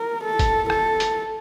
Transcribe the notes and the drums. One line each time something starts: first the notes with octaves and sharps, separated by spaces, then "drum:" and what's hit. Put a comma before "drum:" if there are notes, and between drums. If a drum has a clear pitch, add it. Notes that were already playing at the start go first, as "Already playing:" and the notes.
Already playing: A#4
A4
drum: kick, hi-hat
A4, drum: rim click
drum: hi-hat